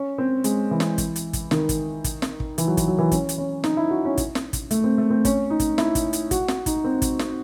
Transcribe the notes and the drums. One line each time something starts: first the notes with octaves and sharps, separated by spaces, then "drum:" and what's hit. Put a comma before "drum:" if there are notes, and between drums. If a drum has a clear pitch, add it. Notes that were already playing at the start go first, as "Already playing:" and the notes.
Already playing: C#4
C4
G#3, drum: hi-hat
E3
drum: snare
drum: kick, hi-hat
drum: hi-hat
drum: kick, hi-hat
D#3, drum: snare
drum: kick, hi-hat
drum: kick, hi-hat
drum: snare
drum: kick
E3, drum: hi-hat
F#3
E3, drum: kick, hi-hat
F#3
E3
C#4, drum: kick, hi-hat
drum: hi-hat
C#4
D#4, drum: snare
E4
F#4
C#4
drum: kick, hi-hat
drum: snare
drum: kick, hi-hat
A3, drum: hi-hat
C4
A3
C4
C#4, drum: kick, hi-hat
D#4
drum: kick, hi-hat
E4, drum: snare
drum: kick, hi-hat
drum: hi-hat
F#4, drum: kick, hi-hat
drum: snare
D#4, drum: kick, hi-hat
C4
drum: kick, hi-hat
drum: snare